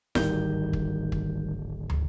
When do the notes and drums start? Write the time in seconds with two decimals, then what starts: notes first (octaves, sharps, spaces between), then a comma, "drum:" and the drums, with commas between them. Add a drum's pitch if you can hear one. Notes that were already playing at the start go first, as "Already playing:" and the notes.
0.15 D1 G#1 D#3 G3 G6, drum: snare E4
0.73 drum: kick
1.12 drum: kick
1.90 drum: tom